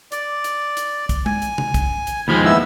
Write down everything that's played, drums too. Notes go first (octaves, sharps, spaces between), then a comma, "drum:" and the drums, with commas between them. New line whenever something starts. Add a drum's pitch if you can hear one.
D5, drum: hi-hat
drum: hi-hat
drum: hi-hat
drum: kick, hi-hat
G#5, drum: tom G#3
drum: hi-hat
drum: tom C3
drum: kick, hi-hat
drum: hi-hat
D#2 F3 G#3 B5
B3 E4 E6